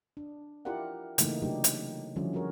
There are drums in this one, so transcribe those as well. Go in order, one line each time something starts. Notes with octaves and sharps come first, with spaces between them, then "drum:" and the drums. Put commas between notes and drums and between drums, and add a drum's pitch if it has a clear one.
D4
E4 F4 G4 A#4 D5 F#5
C#3 E3 A3 A#3 D#4, drum: hi-hat
C3 F#3 A3 D4 D#4 G4
drum: hi-hat
D3 F3 G3 C#4 E4 F#4
C#4 F#4 G#4 A#4 C#5